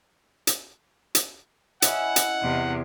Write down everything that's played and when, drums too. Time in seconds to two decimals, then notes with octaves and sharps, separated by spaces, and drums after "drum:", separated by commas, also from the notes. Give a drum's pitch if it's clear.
0.47 drum: hi-hat
1.15 drum: hi-hat
1.82 C#4 E4 D#5 F#5, drum: hi-hat
2.16 drum: hi-hat
2.42 E2 C3